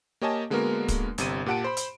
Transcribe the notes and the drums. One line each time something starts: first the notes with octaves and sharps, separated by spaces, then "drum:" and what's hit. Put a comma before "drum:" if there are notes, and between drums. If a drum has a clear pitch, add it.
A#3 G4 C#5 D#5 G#5 A5
D3 G#3 A#3 B3 F#4 A#4
drum: kick, hi-hat
G1 C3 D#7, drum: hi-hat
A#2 G4 F#5 A5 D7
C5 B5
drum: hi-hat